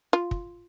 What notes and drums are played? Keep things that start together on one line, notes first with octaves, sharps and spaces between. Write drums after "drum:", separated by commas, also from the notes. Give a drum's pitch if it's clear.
F4
drum: kick